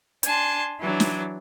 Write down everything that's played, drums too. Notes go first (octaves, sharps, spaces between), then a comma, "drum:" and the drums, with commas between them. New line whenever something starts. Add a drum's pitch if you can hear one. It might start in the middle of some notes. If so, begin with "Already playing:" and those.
D4 G#5 A5 C6, drum: hi-hat
E3 F#3 D4
drum: snare